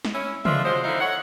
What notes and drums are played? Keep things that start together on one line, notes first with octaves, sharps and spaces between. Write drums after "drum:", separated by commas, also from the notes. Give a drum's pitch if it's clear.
drum: snare
C#4 E4
F3 D4 F4 D#5 E5, drum: tom
F3 F#3 G#3 C5
D3 C4 D#4 E4 F5
C#5 F#5